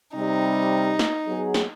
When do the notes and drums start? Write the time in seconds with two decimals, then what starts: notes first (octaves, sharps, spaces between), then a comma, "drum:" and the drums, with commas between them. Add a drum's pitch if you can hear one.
0.15 C3 G3 D#4
0.99 drum: snare
1.27 F#3 B3 G#4
1.54 drum: snare